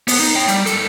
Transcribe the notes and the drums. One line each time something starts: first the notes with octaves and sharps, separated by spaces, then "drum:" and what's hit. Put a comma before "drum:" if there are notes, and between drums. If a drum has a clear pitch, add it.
B3, drum: open hi-hat
D#4
C#5 G5
G3, drum: hi-hat
G2 A4, drum: hi-hat